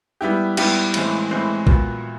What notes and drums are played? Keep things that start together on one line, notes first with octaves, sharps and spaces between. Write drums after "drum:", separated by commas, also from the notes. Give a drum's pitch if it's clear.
G3 B3 E4 G4
G3 B3 E4 G4, drum: cymbal
A2 E3 G#3 C4, drum: cymbal
A2 E3 G#3 C4
A#2 F#3 B3, drum: kick A#1